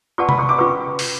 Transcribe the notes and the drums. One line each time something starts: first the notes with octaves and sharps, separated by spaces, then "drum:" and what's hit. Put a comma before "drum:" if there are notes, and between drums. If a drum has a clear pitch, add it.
F4 B4 D5 F#5 A5 C#6
B5, drum: tom C3
C#6
D6
C#4 F4 B4 C#6
drum: open hi-hat